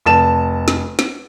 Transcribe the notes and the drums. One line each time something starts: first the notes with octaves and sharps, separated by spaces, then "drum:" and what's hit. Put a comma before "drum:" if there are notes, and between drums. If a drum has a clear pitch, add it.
F1 A5 E7
drum: snare
drum: snare